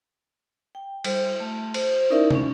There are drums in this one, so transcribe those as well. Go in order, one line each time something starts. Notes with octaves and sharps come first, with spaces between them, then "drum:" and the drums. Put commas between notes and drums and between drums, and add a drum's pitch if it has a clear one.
G5
G3 C5, drum: cymbal
A3
C5, drum: cymbal
C#4 D#4 E4 A#4 D5 E5
G#3 C#4, drum: tom C3